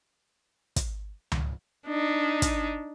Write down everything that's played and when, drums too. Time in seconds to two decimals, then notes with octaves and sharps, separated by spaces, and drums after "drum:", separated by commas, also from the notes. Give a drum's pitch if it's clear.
0.76 drum: kick, hi-hat
1.32 drum: tom C#2
1.87 D4 D#4
2.42 drum: kick, hi-hat